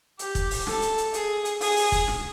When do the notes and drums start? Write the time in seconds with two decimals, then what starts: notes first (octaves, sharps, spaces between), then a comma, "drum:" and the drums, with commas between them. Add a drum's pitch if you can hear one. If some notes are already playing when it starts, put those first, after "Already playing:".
0.19 G4, drum: hi-hat
0.35 drum: kick, hi-hat
0.51 drum: open hi-hat
0.67 A4, drum: snare
0.82 drum: hi-hat
0.98 drum: hi-hat
1.14 G#4, drum: hi-hat
1.45 drum: hi-hat
1.61 G#4, drum: open hi-hat
1.76 drum: open hi-hat
1.92 drum: kick, hi-hat
2.08 drum: snare